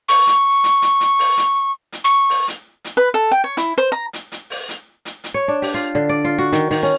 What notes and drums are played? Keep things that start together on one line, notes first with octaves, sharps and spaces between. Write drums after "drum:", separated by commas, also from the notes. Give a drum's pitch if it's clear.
C#6, drum: open hi-hat
drum: hi-hat
drum: hi-hat
drum: hi-hat
drum: hi-hat
drum: open hi-hat
drum: hi-hat
drum: hi-hat
C#6
drum: open hi-hat
drum: hi-hat
drum: hi-hat
B4
A4
G5
C#5
E4, drum: hi-hat
C5
A#5
drum: hi-hat
drum: hi-hat
drum: open hi-hat
drum: hi-hat
drum: hi-hat
drum: hi-hat
C#5
D4
G4, drum: open hi-hat
F4
D3
D5
F4
F#4
D#3, drum: hi-hat
D#3, drum: open hi-hat
C#4